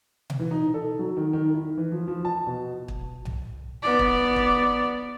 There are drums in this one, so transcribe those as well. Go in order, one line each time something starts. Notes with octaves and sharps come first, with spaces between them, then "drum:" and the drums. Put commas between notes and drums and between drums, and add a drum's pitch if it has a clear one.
drum: tom B2
E3
D#4
A4
F#3
D#3
D#3
E4
E3
F3
F3
A5
B2
drum: kick
drum: tom B1
B3 D5
drum: kick
drum: kick